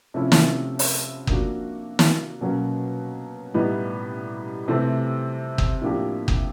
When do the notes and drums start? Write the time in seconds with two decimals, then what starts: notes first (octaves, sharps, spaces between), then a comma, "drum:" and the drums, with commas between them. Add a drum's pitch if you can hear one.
0.14 C3 F3 A3 C#4 E4
0.32 drum: snare
0.79 drum: open hi-hat
1.27 F3 A#3 D4 F#4, drum: kick F#1
1.99 drum: snare
2.41 B2 F#3 A#3 C#4
3.54 A2 E3 G3 B3 D#4
4.68 C3 E3 A3 C4
5.58 drum: kick F#1
5.82 A2 F3 A#3 D4 G4
6.28 drum: kick F#1